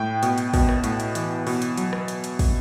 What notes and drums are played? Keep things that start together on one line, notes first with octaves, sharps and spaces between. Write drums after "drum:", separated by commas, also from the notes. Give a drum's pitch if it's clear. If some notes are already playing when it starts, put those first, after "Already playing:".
Already playing: A2 G5
B2, drum: hi-hat
drum: hi-hat
B2, drum: kick, open hi-hat
drum: rim click
A2, drum: hi-hat
drum: hi-hat
E3, drum: hi-hat
B2, drum: open hi-hat
drum: hi-hat
F#3, drum: hi-hat
drum: rim click
drum: hi-hat
drum: hi-hat
drum: kick, open hi-hat